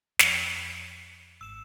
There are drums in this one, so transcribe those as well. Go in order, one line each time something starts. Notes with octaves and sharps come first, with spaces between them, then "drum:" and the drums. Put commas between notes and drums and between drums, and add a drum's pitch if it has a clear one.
F2, drum: snare
G#1 E6 E7